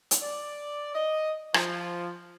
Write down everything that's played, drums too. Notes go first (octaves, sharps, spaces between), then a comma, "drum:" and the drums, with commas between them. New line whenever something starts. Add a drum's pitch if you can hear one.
drum: hi-hat
D5
D#5
F3, drum: rim click